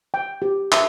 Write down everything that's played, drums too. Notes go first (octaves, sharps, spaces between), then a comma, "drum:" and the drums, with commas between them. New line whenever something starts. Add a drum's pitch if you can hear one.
G5
G4
E5, drum: clap